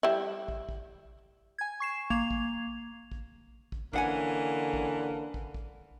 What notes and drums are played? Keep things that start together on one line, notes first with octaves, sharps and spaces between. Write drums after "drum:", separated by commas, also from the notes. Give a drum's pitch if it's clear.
G3 E4
drum: kick
drum: kick
G#5 G#6
C#6 C7 E7
A#3 G#6 F7, drum: kick
drum: kick
drum: kick
drum: kick
D3 E3 A#3 C#4 D4 F#5 G#5, drum: kick
drum: kick
drum: kick
drum: kick